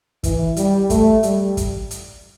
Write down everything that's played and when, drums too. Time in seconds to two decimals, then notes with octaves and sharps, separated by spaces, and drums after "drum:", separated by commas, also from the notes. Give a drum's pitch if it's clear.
0.23 E3, drum: kick, hi-hat
0.56 G3, drum: hi-hat
0.90 A3, drum: kick, hi-hat
1.23 G3, drum: hi-hat
1.57 drum: kick, hi-hat
1.91 drum: hi-hat